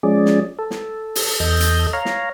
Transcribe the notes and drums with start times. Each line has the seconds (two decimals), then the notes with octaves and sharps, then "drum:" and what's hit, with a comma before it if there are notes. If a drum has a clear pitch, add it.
0.03 F3 G#3 C#4 G#4 D5
0.26 drum: snare
0.59 A4
0.71 drum: snare
1.15 drum: open hi-hat
1.40 E2 A4 D#5 G6
1.60 drum: hi-hat
1.93 C#5 F5 A#5
2.05 drum: snare